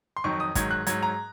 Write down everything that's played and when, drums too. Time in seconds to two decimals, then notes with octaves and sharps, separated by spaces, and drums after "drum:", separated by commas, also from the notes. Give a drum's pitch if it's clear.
0.17 C6
0.24 F2 D#3 F#3 C#6
0.40 D#6
0.55 G#2 D#3 F#3 G#6, drum: kick, hi-hat
0.71 F#6
0.87 G#2 F#3 G#6, drum: hi-hat
1.03 A#5